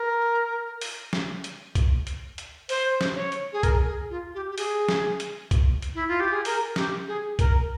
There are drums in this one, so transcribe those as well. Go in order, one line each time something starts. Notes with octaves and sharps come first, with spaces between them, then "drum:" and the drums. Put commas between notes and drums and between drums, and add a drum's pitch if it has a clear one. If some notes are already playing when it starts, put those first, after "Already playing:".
Already playing: A#4
drum: open hi-hat
drum: snare
drum: hi-hat
drum: kick B1, hi-hat
drum: hi-hat
drum: hi-hat
C5, drum: open hi-hat
drum: snare
C#5
drum: hi-hat
G#4
A#4, drum: kick B1, hi-hat
G#4
F4
G4
G4
G#4, drum: open hi-hat
drum: snare
drum: hi-hat
drum: kick B1, hi-hat
drum: hi-hat
E4
F4
G4
G#4
A#4, drum: open hi-hat
G4, drum: snare
G#4
A#4, drum: kick B1, hi-hat